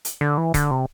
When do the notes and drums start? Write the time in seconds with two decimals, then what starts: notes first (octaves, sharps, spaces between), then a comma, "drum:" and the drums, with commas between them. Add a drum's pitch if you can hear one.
0.05 drum: hi-hat
0.21 D3
0.38 E3
0.54 D3, drum: kick C#1, hi-hat
0.71 C3